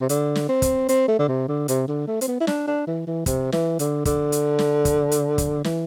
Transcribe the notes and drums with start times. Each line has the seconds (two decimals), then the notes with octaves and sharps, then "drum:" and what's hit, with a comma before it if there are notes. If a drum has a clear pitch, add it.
0.01 C3
0.09 D3, drum: hi-hat
0.35 drum: snare
0.49 C4
0.62 drum: kick, hi-hat
0.89 C4, drum: hi-hat
1.08 A3
1.19 D3
1.28 C3
1.48 D3
1.68 C3, drum: hi-hat
1.88 D3
2.07 A3
2.21 C4, drum: hi-hat
2.27 B3
2.41 E4
2.47 D4, drum: snare
2.67 D4
2.87 E3
3.07 E3
3.26 C3, drum: kick, hi-hat
3.52 E3, drum: snare
3.79 D3, drum: hi-hat
4.05 D3, drum: kick, hi-hat
4.32 drum: hi-hat
4.59 drum: snare
4.85 drum: kick, hi-hat
5.11 drum: hi-hat
5.38 drum: kick, hi-hat
5.64 E3, drum: snare